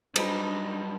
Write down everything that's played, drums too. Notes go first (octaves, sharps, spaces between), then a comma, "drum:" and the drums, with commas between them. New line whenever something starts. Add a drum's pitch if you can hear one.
F#2 G3 D4 D#4, drum: cymbal